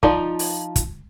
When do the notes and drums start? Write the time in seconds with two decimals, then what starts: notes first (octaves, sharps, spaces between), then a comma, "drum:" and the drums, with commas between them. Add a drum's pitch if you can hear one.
0.03 F3 D#4 F4 D5, drum: kick
0.39 drum: open hi-hat
0.76 drum: kick, hi-hat